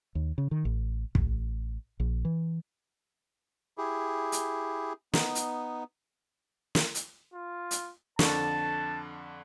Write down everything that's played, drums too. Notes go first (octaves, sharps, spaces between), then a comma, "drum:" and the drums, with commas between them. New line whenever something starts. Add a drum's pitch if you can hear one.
D#2
C#3
D#3
A1
A1, drum: kick
A#1
E3
E4 G4 G#4
drum: hi-hat
B3 D#4, drum: snare
drum: hi-hat
drum: snare
drum: hi-hat
F4
drum: hi-hat
F2 D3 A5 C#6, drum: snare